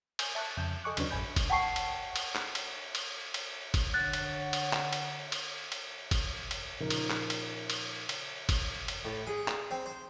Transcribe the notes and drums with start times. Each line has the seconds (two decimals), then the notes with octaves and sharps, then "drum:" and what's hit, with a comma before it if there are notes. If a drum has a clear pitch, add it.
0.19 G#5 G6, drum: cymbal
0.35 E5 A5 C#6 F#6 G6
0.57 F2 C#3 G6
0.84 A4 D#5 G#5 C#6 D6 F#6
0.97 D#2 C#3 F#3 D4 B4, drum: cymbal
1.10 A1 F#2 G#5 B5 G6
1.36 drum: kick, cymbal
1.50 F#5 G5 A5 C#6 C7
1.76 drum: cymbal
2.16 drum: cymbal
2.35 drum: clap
2.55 drum: cymbal
2.95 drum: cymbal
3.34 drum: cymbal
3.74 drum: kick, cymbal
3.94 D3 C#5 F#5 F#6 A6
4.13 drum: cymbal
4.53 drum: cymbal
4.73 drum: clap
4.93 drum: cymbal
5.32 drum: cymbal
5.72 drum: cymbal
6.11 drum: kick, cymbal
6.51 drum: cymbal
6.81 A#2 C#3 F3 D#4 A#4
6.90 drum: cymbal
7.10 drum: clap
7.30 drum: cymbal
7.70 drum: cymbal
8.09 drum: cymbal
8.49 drum: kick, cymbal
8.88 drum: cymbal
9.05 A2
9.27 G#4
9.48 drum: clap
9.71 C4
9.86 C5